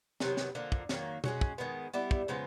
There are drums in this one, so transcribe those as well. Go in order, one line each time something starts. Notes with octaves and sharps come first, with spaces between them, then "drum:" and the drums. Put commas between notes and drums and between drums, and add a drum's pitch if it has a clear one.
C3 D#3 F#3 B3, drum: snare
drum: snare
D3 F3 A#3
drum: kick
D#3 F#3 A#3, drum: snare
G#3 C#4 F#4, drum: tom B2
drum: kick
D#3 G#3 B3
G3 B3 E4
drum: kick
C#3 F3 G#3 B3